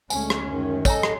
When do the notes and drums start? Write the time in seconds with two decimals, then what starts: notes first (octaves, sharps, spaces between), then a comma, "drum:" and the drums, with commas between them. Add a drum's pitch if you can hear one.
0.10 D2 G#3 A3 C#4 G#5, drum: tambourine
0.30 drum: rim click
0.45 F#2 D#3
0.85 A4 C#5 D#5 G#5 A#5, drum: kick, tambourine
1.03 drum: rim click